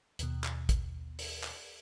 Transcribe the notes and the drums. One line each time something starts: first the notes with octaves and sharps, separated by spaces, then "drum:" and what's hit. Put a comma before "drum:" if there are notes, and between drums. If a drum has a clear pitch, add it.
D#2 B2, drum: hi-hat
drum: clap
drum: kick, hi-hat
drum: open hi-hat
drum: clap